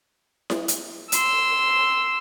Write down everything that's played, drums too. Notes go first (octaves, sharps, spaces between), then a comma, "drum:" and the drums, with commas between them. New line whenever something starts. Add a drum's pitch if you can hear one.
drum: snare E4
drum: hi-hat
C6 E6, drum: hi-hat